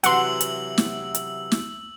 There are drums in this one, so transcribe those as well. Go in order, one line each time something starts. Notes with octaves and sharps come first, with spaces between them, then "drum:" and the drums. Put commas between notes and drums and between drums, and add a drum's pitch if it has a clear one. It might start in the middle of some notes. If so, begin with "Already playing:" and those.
C3 E3 F#3 F#5 C6 E6 F#7, drum: hi-hat
drum: hi-hat
drum: snare
drum: hi-hat
drum: snare